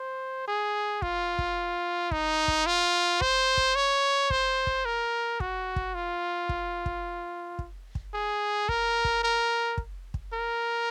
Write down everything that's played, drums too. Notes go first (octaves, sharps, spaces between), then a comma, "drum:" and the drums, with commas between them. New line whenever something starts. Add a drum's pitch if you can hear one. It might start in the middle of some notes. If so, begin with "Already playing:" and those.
Already playing: C5
G#4
F4, drum: kick
drum: kick
D#4, drum: kick
drum: kick
F4
C5, drum: kick
drum: kick
C#5
C5, drum: kick
drum: kick
A#4
F#4, drum: kick
drum: kick
F4
drum: kick
drum: kick
drum: kick
drum: kick
G#4
A#4, drum: kick
drum: kick
A#4
drum: kick
drum: kick
A#4